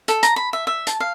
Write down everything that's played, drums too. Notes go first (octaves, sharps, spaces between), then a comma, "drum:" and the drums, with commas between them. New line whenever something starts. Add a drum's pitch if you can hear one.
A4, drum: hi-hat
A#5, drum: hi-hat
B5
E5
E5
A5, drum: hi-hat
F5